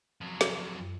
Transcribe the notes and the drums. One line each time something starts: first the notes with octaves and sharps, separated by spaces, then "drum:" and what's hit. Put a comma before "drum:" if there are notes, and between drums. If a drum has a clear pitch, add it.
F2 F#3
drum: snare
F#2